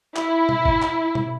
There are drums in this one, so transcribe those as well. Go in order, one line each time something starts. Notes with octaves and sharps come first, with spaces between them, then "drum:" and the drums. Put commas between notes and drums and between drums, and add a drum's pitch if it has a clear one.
E4, drum: clap
drum: tom B2
drum: kick
drum: clap
drum: tom B2